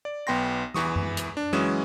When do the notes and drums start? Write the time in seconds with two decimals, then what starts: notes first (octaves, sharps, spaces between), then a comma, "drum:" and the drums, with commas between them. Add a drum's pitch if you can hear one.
0.05 D5
0.27 B1 B3 G5 C6 A#6
0.74 E2 E3 C#6 D#6, drum: snare
0.96 drum: tom F#2
1.17 drum: hi-hat
1.37 D4
1.53 E3 F#3 G#3 C#4 D#6 E7